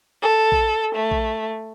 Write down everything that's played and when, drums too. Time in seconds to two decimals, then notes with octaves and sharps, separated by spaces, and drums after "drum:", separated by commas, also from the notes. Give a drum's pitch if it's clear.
0.22 A4
0.52 drum: kick A#1
0.95 A3
1.11 drum: kick A#1